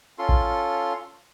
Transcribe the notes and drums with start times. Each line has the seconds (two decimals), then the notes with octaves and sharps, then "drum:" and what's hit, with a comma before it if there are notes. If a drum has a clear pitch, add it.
0.18 C#4 F4 A4 C6
0.29 drum: kick A1